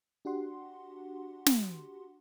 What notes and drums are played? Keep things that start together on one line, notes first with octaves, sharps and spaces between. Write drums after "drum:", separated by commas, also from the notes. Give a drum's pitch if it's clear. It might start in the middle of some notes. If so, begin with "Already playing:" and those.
D4 F#4 G4 F#5 C6
drum: snare